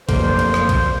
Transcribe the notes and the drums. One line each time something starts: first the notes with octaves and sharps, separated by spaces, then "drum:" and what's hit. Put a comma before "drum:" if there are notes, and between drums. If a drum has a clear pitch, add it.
F1 F#2 D3 A#3 C5, drum: kick A#1, cymbal
drum: cymbal
drum: rim click
drum: kick A#1, cymbal